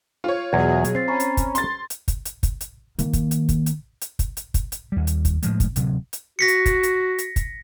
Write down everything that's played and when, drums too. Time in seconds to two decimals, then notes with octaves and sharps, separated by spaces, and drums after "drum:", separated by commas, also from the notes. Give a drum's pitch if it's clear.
0.24 F4 C#5
0.53 E2 B2 F#3 G#4 G#6 A#6
0.84 drum: hi-hat
0.95 C4 A6 C7
1.08 C#4 A#5 B5 C#6
1.20 drum: hi-hat
1.37 drum: kick, hi-hat
1.55 C6 A6, drum: hi-hat
1.90 drum: hi-hat
2.08 drum: kick, hi-hat
2.25 drum: hi-hat
2.43 drum: kick, hi-hat
2.61 drum: hi-hat
2.99 D#3 A#3, drum: hi-hat
3.13 drum: kick, hi-hat
3.31 drum: hi-hat
3.49 drum: kick, hi-hat
3.66 drum: hi-hat
4.01 drum: hi-hat
4.19 drum: kick, hi-hat
4.37 drum: hi-hat
4.54 drum: kick, hi-hat
4.72 drum: hi-hat
4.92 D#2 G3
5.07 drum: hi-hat
5.25 drum: kick, hi-hat
5.43 A2 F3 G#3, drum: hi-hat
5.60 drum: kick, hi-hat
5.76 D1 C3 F#3, drum: hi-hat
6.13 drum: hi-hat
6.39 F#4 A#6 B6 C#7
6.48 drum: hi-hat
6.66 drum: kick, hi-hat
6.83 drum: hi-hat
7.18 drum: hi-hat
7.36 drum: kick, hi-hat